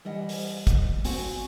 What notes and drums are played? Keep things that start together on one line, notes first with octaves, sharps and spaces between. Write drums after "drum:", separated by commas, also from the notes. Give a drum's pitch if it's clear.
E3 G3 D#5 F#5
drum: open hi-hat
drum: kick, hi-hat
C4 F#4 G#5, drum: open hi-hat